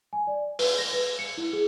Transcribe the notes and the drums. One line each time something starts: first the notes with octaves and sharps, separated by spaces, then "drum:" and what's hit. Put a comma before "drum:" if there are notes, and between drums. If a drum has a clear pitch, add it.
G#5
D5
B4, drum: open hi-hat
A#6
B4
C#7
E4
G#4